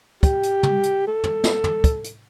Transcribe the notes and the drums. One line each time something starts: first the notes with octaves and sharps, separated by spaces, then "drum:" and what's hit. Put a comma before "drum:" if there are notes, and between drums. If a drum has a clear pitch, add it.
G4, drum: kick, hi-hat
drum: hi-hat
drum: tom
drum: hi-hat
A4
drum: tom
drum: snare
drum: tom
drum: kick, hi-hat
drum: hi-hat